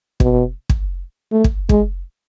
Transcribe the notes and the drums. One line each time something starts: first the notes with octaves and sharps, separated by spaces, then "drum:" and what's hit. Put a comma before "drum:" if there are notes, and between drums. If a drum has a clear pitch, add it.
B2, drum: kick
drum: kick
A3
drum: kick
G#3, drum: kick